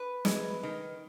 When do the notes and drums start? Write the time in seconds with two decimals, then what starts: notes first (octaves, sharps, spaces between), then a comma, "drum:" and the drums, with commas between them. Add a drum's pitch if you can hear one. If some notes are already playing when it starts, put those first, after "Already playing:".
Already playing: B4
0.25 E3 G#3, drum: snare
0.63 D#3